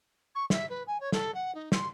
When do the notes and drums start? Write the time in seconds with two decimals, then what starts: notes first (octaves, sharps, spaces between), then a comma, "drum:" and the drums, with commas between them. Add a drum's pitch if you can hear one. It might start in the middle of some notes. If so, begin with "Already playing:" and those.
0.35 C#6
0.50 E5, drum: snare
0.69 B4
0.87 G#5
1.00 C#5
1.12 A4, drum: snare
1.34 F#5
1.54 D#4
1.72 C6, drum: snare